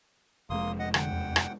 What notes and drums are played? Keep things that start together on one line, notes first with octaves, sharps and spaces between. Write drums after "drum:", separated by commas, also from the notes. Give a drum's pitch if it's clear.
F1 F2 G#3 A#3 C6 D#6
D#5 F#5
D3 F#5 G5, drum: rim click
E2
drum: rim click